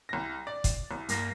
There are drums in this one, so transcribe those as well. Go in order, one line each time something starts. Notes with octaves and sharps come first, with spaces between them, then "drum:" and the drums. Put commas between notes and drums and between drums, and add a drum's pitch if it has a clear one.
C2 A#6
D5
drum: kick F#1, hi-hat
C2
G2 A#3, drum: hi-hat